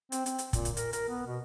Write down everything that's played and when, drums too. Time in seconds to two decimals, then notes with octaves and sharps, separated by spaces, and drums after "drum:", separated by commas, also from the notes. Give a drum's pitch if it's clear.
0.12 C4, drum: hi-hat
0.26 C4, drum: hi-hat
0.38 drum: hi-hat
0.53 A#2, drum: kick, hi-hat
0.65 drum: hi-hat
0.77 A#4, drum: hi-hat
0.93 A#4, drum: hi-hat
1.09 B3
1.27 B2